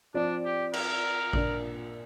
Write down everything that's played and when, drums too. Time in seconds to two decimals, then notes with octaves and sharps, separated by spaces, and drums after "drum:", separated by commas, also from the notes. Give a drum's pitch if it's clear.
0.14 F3 C4 D4 F4 D5
0.45 G4
0.73 A#4, drum: cymbal
1.33 A#2 A#3 D4, drum: kick A1